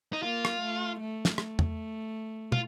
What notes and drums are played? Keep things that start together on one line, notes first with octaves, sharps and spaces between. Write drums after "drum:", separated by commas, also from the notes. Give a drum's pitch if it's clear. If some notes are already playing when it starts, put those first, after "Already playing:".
D#4
A#3 F4
drum: rim click
A3
A3
drum: snare
A3, drum: rim click
drum: tom E2
F4, drum: tom